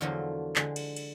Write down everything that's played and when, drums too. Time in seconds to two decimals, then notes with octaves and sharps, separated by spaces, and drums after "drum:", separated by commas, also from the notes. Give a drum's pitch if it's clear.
0.01 E2 D3 F3 F#3 A#3 A4
0.56 D3 G#3, drum: clap
0.76 drum: cymbal
0.96 drum: cymbal